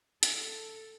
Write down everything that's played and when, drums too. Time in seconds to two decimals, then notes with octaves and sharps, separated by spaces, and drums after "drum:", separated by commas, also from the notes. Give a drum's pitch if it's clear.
0.23 A4, drum: hi-hat